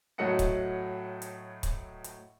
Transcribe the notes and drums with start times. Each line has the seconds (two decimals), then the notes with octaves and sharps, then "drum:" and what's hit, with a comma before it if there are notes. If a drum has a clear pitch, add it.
0.18 A2 F#3 A3 D#5 F#5 C#7
0.39 drum: kick C#1, hi-hat
1.22 drum: hi-hat
1.63 drum: kick C#1, hi-hat
2.04 drum: hi-hat